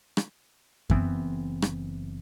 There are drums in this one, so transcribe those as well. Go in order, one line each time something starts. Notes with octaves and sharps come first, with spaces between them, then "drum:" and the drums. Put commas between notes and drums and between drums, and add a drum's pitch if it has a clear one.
drum: rim click
F#1 E3 B3 C4, drum: kick F#2
drum: rim click